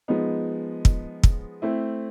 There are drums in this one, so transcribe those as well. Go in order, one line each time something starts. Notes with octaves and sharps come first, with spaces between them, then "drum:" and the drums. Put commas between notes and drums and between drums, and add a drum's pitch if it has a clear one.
F3 G#3 B3 D#4
drum: kick
drum: kick
A3 C4 E4